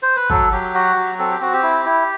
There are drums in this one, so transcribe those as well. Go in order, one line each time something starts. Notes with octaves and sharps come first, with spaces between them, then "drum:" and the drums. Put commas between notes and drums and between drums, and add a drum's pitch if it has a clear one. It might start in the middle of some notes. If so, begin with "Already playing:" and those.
C5
B4
F#3 A4, drum: kick
F#3 G4
F#4
F#3
C4 A4
G4
C4 F#4
G4
E4
E4